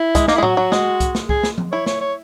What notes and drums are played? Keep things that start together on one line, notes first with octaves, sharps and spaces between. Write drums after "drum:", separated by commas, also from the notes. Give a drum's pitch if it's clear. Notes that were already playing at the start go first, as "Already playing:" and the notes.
Already playing: E4
G#3, drum: kick C2, hi-hat
A#3 D#4, drum: snare
G#3 E4
F#3 F#4, drum: tom A2
F#3
G#3, drum: snare
drum: kick C2, hi-hat
drum: snare
G#4, drum: kick C2
drum: snare
drum: tom F3
E4 C#5
C#5, drum: snare
C#5